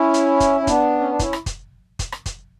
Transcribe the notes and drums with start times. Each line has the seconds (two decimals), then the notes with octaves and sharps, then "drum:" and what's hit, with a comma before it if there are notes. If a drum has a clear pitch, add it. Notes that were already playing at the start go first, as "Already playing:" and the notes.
Already playing: C#4 E4
0.14 drum: hi-hat
0.40 drum: kick, hi-hat
0.61 C#4
0.67 B3 D4, drum: kick, hi-hat
1.00 C#4
1.10 D4
1.19 C#4 E4, drum: kick, hi-hat
1.33 drum: rim click
1.46 drum: kick, hi-hat
1.99 drum: kick, hi-hat
2.12 drum: rim click
2.26 drum: kick, hi-hat